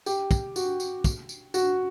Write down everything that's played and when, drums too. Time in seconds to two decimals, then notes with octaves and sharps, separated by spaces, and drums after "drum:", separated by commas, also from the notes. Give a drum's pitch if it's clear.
0.06 G4, drum: tambourine
0.31 drum: kick, tambourine
0.56 F#4, drum: tambourine
0.80 drum: tambourine
1.04 drum: kick, tambourine
1.29 drum: tambourine
1.54 F#4, drum: tambourine